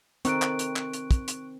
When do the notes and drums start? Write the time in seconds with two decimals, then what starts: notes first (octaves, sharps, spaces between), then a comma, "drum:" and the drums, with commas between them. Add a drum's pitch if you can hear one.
0.25 D#3 C4 D#4 A4 C#6 F#6 D7, drum: hi-hat
0.42 drum: clap
0.59 drum: hi-hat
0.76 drum: clap
0.93 drum: hi-hat
1.11 drum: kick, hi-hat
1.28 drum: hi-hat